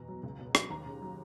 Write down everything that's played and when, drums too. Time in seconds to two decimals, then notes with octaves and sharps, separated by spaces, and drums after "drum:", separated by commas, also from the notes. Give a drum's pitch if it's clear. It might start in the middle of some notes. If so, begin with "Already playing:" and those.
Already playing: E2 B2 A#5
0.08 F#3
0.23 C#2
0.39 B2
0.55 F#3, drum: rim click
0.70 D#2 A#5
0.86 C#3
1.02 F#3